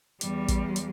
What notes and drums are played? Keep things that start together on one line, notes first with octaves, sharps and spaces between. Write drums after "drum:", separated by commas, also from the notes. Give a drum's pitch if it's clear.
E2 G3, drum: hi-hat
drum: kick, hi-hat
drum: hi-hat